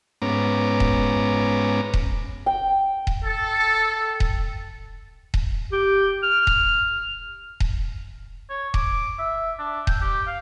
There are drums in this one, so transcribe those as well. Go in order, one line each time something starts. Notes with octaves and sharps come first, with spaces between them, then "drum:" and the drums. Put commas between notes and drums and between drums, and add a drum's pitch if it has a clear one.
G#2 B3 C#4 A#5 D6
drum: kick D#1
drum: kick D#1
G5
drum: kick D#1
A4
drum: kick D#1
drum: kick D#1
G4
F6
drum: kick D#1
drum: kick D#1
C#5
D6, drum: kick D#1
E5
D4
G5, drum: kick D#1
G4
F5